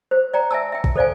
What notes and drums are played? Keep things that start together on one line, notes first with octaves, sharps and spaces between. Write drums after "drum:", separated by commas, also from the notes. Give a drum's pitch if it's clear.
C5
D5 G5 A#5
E5 G#5 A5 E6
E5 G5
drum: kick
A4 C5 D5 F5 G#5